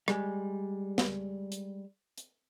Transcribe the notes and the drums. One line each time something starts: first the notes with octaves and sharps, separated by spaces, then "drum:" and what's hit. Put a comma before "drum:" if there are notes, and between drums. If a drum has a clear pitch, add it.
G3 G#3, drum: rim click
drum: snare
drum: hi-hat
drum: hi-hat